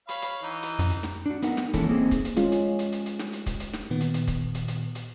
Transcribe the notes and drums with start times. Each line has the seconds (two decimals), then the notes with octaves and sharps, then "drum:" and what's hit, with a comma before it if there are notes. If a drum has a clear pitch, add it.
0.09 C#5 F5 B5, drum: hi-hat
0.22 drum: hi-hat
0.43 E3 D#4
0.63 drum: hi-hat
0.79 F#2, drum: hi-hat
0.90 drum: hi-hat
1.03 drum: snare
1.26 D4 F#4
1.42 B3 D#4 A#4 F#5, drum: hi-hat
1.57 drum: snare
1.73 E3 G#3 A#3 C#4 E4 A4, drum: kick, hi-hat
1.89 A#3 C4 D#4 G#4
2.11 drum: kick, hi-hat
2.25 drum: hi-hat
2.36 G#3 C#4 F4 G#4, drum: hi-hat
2.52 drum: hi-hat
2.79 drum: hi-hat
2.92 drum: hi-hat
3.06 drum: hi-hat
3.19 drum: snare
3.33 drum: hi-hat
3.46 drum: kick, hi-hat
3.60 drum: hi-hat
3.73 drum: snare
3.90 A#2 D#3 B3
4.00 drum: hi-hat
4.14 drum: hi-hat
4.27 drum: kick, hi-hat
4.55 drum: hi-hat
4.68 drum: hi-hat
4.95 drum: hi-hat